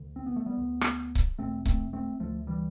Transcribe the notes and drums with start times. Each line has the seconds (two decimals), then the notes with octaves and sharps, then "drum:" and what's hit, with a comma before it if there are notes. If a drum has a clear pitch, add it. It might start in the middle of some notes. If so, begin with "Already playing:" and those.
Already playing: D2 D3
0.16 C4
0.26 B3
0.36 A3
0.46 G3 B3
0.58 D2 D3
0.81 drum: rim click
1.15 drum: kick C#1
1.38 E2 B2 A3 C4
1.65 A3 C4, drum: kick C#1
1.93 A3 C4
2.19 D2 D3 F3 A3
2.47 E3 G3